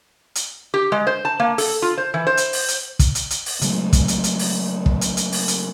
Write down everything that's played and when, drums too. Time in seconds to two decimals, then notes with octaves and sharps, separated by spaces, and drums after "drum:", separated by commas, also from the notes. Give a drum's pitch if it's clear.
0.35 drum: hi-hat
0.74 G4
0.92 G#3
1.07 C5
1.25 A5
1.40 A#3
1.58 A4, drum: open hi-hat
1.82 F4
1.98 C5
2.14 E3
2.27 C5
2.37 drum: hi-hat
2.53 drum: open hi-hat
2.68 drum: hi-hat
2.99 drum: kick, hi-hat
3.15 drum: hi-hat
3.30 drum: hi-hat
3.46 drum: open hi-hat
3.62 C#3 F#3 G#3 A3, drum: hi-hat
3.93 drum: kick, hi-hat
4.08 drum: hi-hat
4.24 drum: hi-hat
4.39 drum: open hi-hat
4.86 drum: kick
5.01 drum: hi-hat
5.17 drum: hi-hat
5.32 drum: open hi-hat
5.48 drum: hi-hat